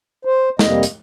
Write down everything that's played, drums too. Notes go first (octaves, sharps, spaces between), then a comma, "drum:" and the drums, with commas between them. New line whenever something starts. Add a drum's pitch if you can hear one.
C5
F2 C3 G3 A#3 D#5, drum: snare
drum: hi-hat